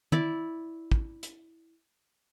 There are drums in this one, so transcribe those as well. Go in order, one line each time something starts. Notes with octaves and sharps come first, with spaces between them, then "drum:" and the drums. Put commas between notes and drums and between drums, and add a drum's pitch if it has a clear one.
E4 D5, drum: tom D#3
drum: kick
drum: hi-hat